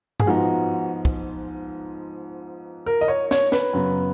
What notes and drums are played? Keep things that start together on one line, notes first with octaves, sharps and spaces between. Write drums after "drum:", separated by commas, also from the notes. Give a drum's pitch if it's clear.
G#4, drum: tom G2
G#2 F3 B3 D#4 F#4
drum: kick
A#4
D#5
C#5
C#5, drum: snare
B4, drum: snare
F#2 C#3 F#3 B3